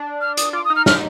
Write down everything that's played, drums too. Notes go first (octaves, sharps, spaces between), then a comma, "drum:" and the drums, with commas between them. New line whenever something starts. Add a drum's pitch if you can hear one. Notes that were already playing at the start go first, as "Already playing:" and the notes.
Already playing: D4
F6
D#6, drum: hi-hat
F4 D6
D#6
D#4
F6
F6, drum: snare